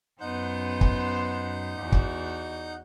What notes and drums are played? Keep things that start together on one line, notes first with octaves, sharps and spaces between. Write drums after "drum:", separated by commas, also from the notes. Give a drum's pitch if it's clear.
F#2 B3 D#4 C5 F#5 G6
drum: kick
E2 F#4
drum: kick